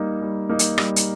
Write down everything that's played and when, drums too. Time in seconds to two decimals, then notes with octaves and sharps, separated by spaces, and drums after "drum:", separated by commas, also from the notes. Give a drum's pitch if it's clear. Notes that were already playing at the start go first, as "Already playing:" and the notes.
Already playing: G3 A#3 D#4
0.22 G3
0.49 A#3 D#4
0.59 drum: hi-hat
0.78 G3, drum: rim click
0.96 drum: hi-hat